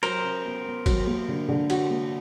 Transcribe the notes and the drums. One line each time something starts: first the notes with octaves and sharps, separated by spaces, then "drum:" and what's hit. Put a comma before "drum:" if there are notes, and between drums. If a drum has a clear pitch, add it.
F#3 A#4 C5, drum: cymbal
C#3
B3
B3
F#3, drum: kick, cymbal
A#3
D3
D3
F#4, drum: cymbal
A#3